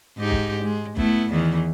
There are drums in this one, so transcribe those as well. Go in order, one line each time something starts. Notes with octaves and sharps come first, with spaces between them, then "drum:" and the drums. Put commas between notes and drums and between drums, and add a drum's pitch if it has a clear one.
G#2 D#4 G4
drum: kick
G#3
A3 B3 E4, drum: kick
E2 D#3 E3